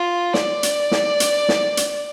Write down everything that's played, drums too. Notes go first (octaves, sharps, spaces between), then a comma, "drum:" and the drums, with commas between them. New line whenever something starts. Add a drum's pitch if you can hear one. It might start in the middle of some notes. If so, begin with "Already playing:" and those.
Already playing: F4
D5, drum: snare
drum: hi-hat
drum: snare
drum: hi-hat
drum: snare
drum: hi-hat